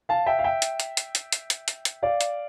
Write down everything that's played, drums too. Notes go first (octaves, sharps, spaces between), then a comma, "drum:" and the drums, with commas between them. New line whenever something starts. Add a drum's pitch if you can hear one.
F5 A5
E5 G5
F5
E5 G5
drum: hi-hat
drum: hi-hat
drum: hi-hat
drum: hi-hat
drum: hi-hat
drum: hi-hat
drum: hi-hat
drum: hi-hat
D5 F5
drum: hi-hat